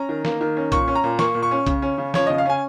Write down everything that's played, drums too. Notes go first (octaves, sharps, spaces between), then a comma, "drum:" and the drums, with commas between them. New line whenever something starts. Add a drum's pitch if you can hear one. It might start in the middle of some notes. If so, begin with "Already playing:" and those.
Already playing: C#4 A#5
D#3
A#3, drum: snare
D#3
C#4
A#2 C#6, drum: kick B1, hi-hat
C#4
A#5
A#2
A#3 C#6, drum: snare
A#2
C#6
C#4
C#3, drum: kick B1, hi-hat
C#4
C#3
F3 C#5, drum: snare
C#3 D#5
F5
C#4 G#5